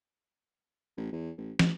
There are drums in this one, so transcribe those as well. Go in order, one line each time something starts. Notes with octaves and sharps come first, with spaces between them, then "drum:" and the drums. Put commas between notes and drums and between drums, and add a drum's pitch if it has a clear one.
A1
E2
A1
A1, drum: snare